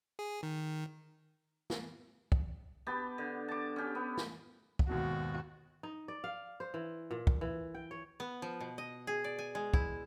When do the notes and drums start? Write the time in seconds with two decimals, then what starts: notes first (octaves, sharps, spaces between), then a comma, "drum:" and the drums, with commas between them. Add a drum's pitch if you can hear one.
0.19 G#4
0.43 D#3
1.70 drum: snare
2.32 drum: kick
2.87 B3 G4 A5
3.18 D3
3.48 A5 D6
3.76 C#4 G4
3.95 B3
4.17 drum: snare
4.79 drum: kick
4.89 D#2 G#2 B2 F#4
5.83 D#4
6.08 D5
6.24 F5
6.60 C5
6.74 E3
7.11 A#2
7.27 drum: kick
7.41 E3
7.74 G5
7.91 C#5
8.20 B3
8.42 F3
8.60 B2
8.78 D#5
9.07 G#4
9.24 D5
9.39 G#5
9.55 G#3
9.74 E4, drum: kick